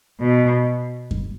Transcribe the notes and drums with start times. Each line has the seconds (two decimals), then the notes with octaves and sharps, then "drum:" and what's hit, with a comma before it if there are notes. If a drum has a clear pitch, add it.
0.20 B2
1.11 drum: kick F#2